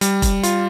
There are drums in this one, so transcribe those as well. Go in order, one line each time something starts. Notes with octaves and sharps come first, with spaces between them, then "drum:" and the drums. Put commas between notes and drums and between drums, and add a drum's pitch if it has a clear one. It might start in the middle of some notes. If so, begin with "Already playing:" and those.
G3, drum: hi-hat
drum: kick F1, hi-hat
F4, drum: hi-hat